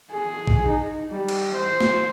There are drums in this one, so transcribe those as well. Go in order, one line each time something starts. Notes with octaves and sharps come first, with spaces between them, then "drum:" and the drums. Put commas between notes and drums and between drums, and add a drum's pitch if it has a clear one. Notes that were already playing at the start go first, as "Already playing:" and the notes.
G#4
drum: kick A1
D#4
G3
drum: cymbal
C5
drum: snare